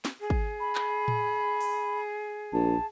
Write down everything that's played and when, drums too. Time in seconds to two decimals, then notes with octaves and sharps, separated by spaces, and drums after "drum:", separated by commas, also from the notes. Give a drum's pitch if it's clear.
0.05 drum: snare
0.20 G#4
0.30 drum: kick
0.60 B5
0.75 drum: clap
1.08 drum: tom A2
1.61 drum: open hi-hat
2.53 A#1 A5